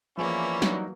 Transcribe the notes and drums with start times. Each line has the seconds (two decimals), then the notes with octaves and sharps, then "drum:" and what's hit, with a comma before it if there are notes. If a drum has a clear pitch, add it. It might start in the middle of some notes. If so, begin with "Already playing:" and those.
0.18 E3 F3 A#3 B3 C#4 E4 G#4 D5
0.62 F#3 G3 D#4, drum: snare